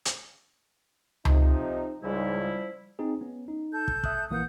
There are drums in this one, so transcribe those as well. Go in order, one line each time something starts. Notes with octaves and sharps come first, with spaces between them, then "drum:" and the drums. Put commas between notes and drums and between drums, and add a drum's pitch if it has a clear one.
drum: hi-hat
C3 F3 D#4, drum: tom C#2
C#2 G#2 F3 G3 E4
C4 D#4 G#4
B3 C#4
D#4
A4 G6
drum: kick
E5 D#6 F#6, drum: kick
A#1 E3 A#3 F#5 D#6 G6